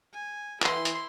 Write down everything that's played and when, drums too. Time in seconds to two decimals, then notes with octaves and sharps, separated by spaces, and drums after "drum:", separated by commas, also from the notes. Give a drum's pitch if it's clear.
0.14 G#5
0.62 E3 E4 C6, drum: clap
0.85 drum: hi-hat